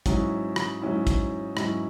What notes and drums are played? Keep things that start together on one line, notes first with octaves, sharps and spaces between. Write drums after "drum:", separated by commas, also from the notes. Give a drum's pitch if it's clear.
G#2 F#3 C#4 E4, drum: kick, hi-hat
drum: rim click
G#2 F#3 C#4 E4
drum: kick, hi-hat
G#2 F#3 C#4 E4, drum: rim click